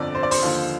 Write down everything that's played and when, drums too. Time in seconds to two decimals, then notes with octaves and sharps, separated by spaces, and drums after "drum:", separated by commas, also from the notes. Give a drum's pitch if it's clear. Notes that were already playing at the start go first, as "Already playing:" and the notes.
Already playing: G1 F2 D3 D5
0.15 C5
0.23 D5
0.31 C5, drum: open hi-hat
0.42 D#2 D3 F3